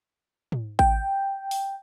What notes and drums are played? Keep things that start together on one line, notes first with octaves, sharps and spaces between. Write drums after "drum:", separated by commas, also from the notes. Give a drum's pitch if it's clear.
drum: tom
G5, drum: kick A1
drum: open hi-hat